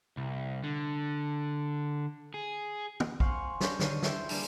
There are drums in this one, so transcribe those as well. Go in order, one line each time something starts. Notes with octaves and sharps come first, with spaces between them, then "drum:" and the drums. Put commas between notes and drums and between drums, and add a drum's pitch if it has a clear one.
C2
D3
G#4
drum: tom
C5 F5 F#5 G#5 C6 C#6, drum: kick B1
C#4 D4 F#4 G4 C5 C#5, drum: snare
D3 D#3 G3 C#5 C7 D#7, drum: snare
E4 C5 E5 G5 B5, drum: snare
G3 A#3 D4 G#4 B4 C5, drum: open hi-hat